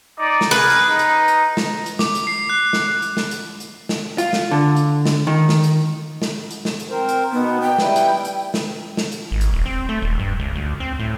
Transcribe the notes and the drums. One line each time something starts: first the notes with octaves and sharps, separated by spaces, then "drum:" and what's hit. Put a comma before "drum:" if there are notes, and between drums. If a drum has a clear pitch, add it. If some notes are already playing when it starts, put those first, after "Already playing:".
D#4 D5
drum: snare
G#4 A#4 B4
drum: hi-hat
D#4
drum: hi-hat
drum: hi-hat
drum: snare
drum: hi-hat
D6, drum: snare
drum: hi-hat
C7
F#6
drum: snare
drum: hi-hat
drum: snare
drum: hi-hat
drum: hi-hat
drum: snare
F4, drum: hi-hat
drum: snare
D3
drum: hi-hat
drum: snare
D#3
drum: snare
drum: hi-hat
drum: snare
drum: hi-hat
drum: snare
drum: hi-hat
C4 A#4 C5
drum: hi-hat
B2 B3 D#4
G5
G3 E4 B4, drum: snare
drum: hi-hat
drum: hi-hat
drum: snare
drum: snare
drum: hi-hat
G#1
drum: hi-hat
D#1
C4
A3
D#1
G2
C#2
D2
C4
A2